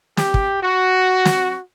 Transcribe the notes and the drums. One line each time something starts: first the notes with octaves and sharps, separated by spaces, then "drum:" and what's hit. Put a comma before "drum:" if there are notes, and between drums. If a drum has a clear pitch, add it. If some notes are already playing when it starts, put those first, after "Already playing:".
G4, drum: snare
drum: kick
F#4
drum: snare